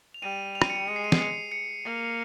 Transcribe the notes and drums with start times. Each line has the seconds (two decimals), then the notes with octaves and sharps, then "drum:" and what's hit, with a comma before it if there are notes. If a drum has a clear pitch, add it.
0.14 F7
0.22 G3 D#7
0.55 F7
0.62 D#7, drum: rim click
0.70 C#7
0.76 D#7
0.88 G#3 C#7
0.96 C7
1.04 D#7
1.12 C7, drum: snare
1.20 C#7
1.52 C#7
1.85 A#3